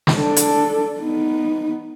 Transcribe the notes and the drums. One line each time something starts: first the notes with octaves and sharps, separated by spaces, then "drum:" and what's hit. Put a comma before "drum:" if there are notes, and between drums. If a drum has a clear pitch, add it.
drum: snare
D4 A4
drum: hi-hat
B3 D#4